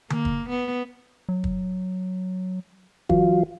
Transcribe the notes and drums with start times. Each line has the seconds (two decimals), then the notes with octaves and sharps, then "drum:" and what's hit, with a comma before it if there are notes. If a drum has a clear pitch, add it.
0.10 A#3, drum: tom D3
0.25 drum: kick
0.49 B3
1.29 F#3
1.44 drum: kick
3.09 E3 F#3 F4, drum: kick